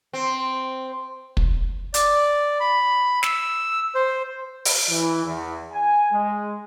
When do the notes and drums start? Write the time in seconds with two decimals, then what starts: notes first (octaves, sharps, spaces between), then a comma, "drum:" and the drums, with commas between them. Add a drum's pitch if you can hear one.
0.13 C4
1.37 drum: kick
1.94 D5, drum: hi-hat
2.60 B5
3.23 E6, drum: snare
3.95 C5
4.65 drum: open hi-hat
4.89 E3
5.25 E2
5.72 G#5
6.12 G#3